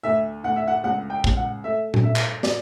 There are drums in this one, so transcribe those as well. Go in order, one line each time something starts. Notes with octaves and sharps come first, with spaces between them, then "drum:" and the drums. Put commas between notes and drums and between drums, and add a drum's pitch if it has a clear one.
D2 E5
D2 F#5
E5
F#5
C#2 F#5
G5
C#2, drum: kick
F#5
A3 E5
drum: tom A#2
G2 E5
drum: clap
D5, drum: snare